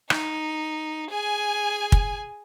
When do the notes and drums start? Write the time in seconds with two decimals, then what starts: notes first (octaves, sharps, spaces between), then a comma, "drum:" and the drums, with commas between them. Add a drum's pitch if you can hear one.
0.10 D#4, drum: rim click
1.11 G#4 G#5
1.92 drum: kick